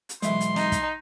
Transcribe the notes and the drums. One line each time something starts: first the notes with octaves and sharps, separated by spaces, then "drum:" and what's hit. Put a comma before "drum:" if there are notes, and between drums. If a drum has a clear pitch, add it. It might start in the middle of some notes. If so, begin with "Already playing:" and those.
drum: hi-hat
B1 E3 G#3 E5 C6, drum: hi-hat
drum: hi-hat
D#4, drum: snare
drum: kick, hi-hat